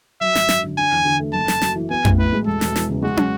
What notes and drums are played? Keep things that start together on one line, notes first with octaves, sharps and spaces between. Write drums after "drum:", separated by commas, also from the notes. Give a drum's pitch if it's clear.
F#3 E5
G#1, drum: snare
F#2, drum: snare
D3
D4 G#5
E2
D3
A3
F#1 A5
F#1, drum: snare
F#2, drum: snare
E3
B3 G#5
A1, drum: tom F2
A2 B4
G#3
E1 A4
E1, drum: snare
E2, drum: snare
C#3
G#3 F#4
drum: tom